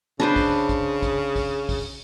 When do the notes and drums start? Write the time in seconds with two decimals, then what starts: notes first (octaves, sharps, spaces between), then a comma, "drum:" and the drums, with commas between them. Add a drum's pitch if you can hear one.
0.20 C#3 D4 B4 C5
0.36 drum: kick, open hi-hat
0.69 drum: kick, hi-hat
1.03 drum: kick, hi-hat
1.36 drum: kick, open hi-hat
1.69 drum: kick, open hi-hat